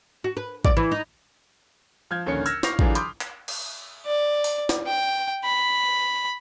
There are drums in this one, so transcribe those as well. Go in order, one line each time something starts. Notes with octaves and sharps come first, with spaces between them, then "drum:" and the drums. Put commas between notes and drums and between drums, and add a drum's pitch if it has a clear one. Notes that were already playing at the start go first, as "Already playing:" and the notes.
F#4
B4
D5, drum: kick A1
E3
D#4
F3 F6 G6 G#6
A#1 D#2 D3 C#4 C#5 C#7
E6 F6 G#6 A#6, drum: tambourine
C#6 G6 A#6 C7 F7, drum: snare
D3 E3 F#3 D4 F4 G#4, drum: kick A1
B5 C6 D6 D#6 G6, drum: hi-hat
drum: clap
drum: cymbal
D5
drum: open hi-hat
drum: snare
G5
B5